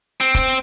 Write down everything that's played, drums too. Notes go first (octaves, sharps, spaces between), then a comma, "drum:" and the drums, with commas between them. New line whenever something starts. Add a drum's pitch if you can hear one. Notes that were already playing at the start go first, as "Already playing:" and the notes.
C4
drum: kick